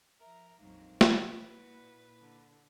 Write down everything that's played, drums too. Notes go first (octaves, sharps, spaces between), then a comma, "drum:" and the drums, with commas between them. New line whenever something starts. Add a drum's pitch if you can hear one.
F3 A#4 E5 A#5
A#1 F2 F#3 G#3 A#3 C4 D#4
A#2 B4, drum: snare
E4 F#4
D3